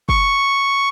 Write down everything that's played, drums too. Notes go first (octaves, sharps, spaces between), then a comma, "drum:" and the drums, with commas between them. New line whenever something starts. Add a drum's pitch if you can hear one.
C#6, drum: kick